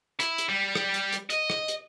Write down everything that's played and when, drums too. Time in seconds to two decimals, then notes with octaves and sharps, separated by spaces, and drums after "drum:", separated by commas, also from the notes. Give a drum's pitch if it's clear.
0.20 E4, drum: hi-hat
0.38 drum: hi-hat
0.49 G3
0.75 drum: rim click
0.94 drum: hi-hat
1.13 drum: hi-hat
1.30 D#5, drum: hi-hat
1.50 drum: rim click
1.68 drum: hi-hat